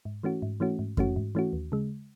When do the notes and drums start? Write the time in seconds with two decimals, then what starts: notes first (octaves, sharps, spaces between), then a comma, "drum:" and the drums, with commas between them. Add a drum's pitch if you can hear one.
0.05 G#2
0.23 E3 A3 C#4 F#4
0.42 G#2
0.60 E3 A3 C#4 F#4
0.79 G#2
0.97 E3 A3 C#4 F#4, drum: kick F2
1.16 G#2
1.35 E3 A3 C#4 F#4
1.53 D#2
1.72 C#3 G#3